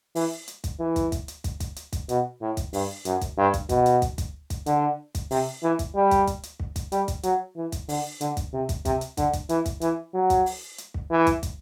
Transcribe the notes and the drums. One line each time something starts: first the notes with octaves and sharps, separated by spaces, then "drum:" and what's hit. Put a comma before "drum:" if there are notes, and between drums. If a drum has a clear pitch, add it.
E3, drum: open hi-hat
drum: hi-hat
drum: kick, hi-hat
E3
drum: kick, hi-hat
drum: kick, hi-hat
drum: hi-hat
drum: kick, hi-hat
drum: kick, hi-hat
drum: hi-hat
drum: kick, hi-hat
B2, drum: hi-hat
A2
drum: kick, hi-hat
G2, drum: open hi-hat
F#2, drum: hi-hat
drum: kick, hi-hat
G2
drum: kick, hi-hat
B2, drum: kick, hi-hat
drum: hi-hat
drum: kick, hi-hat
drum: kick, hi-hat
drum: kick, hi-hat
D3, drum: hi-hat
drum: kick, hi-hat
C3, drum: open hi-hat
E3
drum: kick, hi-hat
G3
drum: kick, hi-hat
drum: kick, hi-hat
drum: hi-hat
drum: kick
drum: kick, hi-hat
G3, drum: hi-hat
drum: kick, hi-hat
F#3, drum: hi-hat
E3
drum: kick, hi-hat
D3, drum: open hi-hat
D3, drum: hi-hat
drum: kick, hi-hat
C3
drum: kick, hi-hat
C3, drum: kick, hi-hat
drum: hi-hat
D3, drum: kick, hi-hat
drum: kick, hi-hat
E3, drum: hi-hat
drum: kick, hi-hat
E3, drum: hi-hat
F#3
drum: kick, hi-hat
drum: open hi-hat
drum: hi-hat
drum: kick
E3
drum: kick, hi-hat
drum: kick, hi-hat